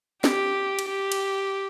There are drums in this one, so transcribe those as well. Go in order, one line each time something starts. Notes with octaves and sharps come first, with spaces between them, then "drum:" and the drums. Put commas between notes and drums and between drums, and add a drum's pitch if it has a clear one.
G4, drum: snare
drum: cymbal
G4
drum: cymbal